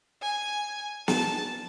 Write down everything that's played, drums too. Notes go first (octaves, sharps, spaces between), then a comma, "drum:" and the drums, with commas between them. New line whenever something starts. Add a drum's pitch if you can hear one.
G#5
A5, drum: snare